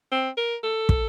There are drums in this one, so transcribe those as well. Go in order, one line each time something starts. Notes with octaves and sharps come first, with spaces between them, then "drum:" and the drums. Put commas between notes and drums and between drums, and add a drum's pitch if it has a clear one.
C4
A#4
A4
drum: kick